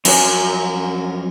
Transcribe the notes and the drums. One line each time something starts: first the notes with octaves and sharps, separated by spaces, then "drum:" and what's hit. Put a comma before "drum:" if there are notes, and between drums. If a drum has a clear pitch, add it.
F2 F#3 F#4 A#4 C#5 G#5, drum: cymbal